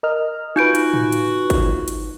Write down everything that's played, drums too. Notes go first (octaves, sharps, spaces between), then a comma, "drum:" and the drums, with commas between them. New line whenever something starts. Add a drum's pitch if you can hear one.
A#4 D#5 F6
D#4 F4 F#4 B4 G6 D7
drum: hi-hat
drum: tom A2
drum: hi-hat
drum: kick, hi-hat
drum: hi-hat